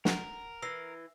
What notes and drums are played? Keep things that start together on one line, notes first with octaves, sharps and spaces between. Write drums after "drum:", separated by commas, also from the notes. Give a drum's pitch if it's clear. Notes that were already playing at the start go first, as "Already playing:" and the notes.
A#4 F#5, drum: snare
E3 E6 A#6 C7